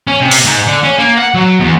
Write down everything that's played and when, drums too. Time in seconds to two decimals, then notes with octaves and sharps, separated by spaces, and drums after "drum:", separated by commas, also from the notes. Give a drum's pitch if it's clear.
0.07 C#4
0.21 C3
0.31 drum: open hi-hat
0.45 G#2
0.67 D3
0.83 C#4
0.98 A#3
1.17 F#5
1.34 F#3
1.60 E2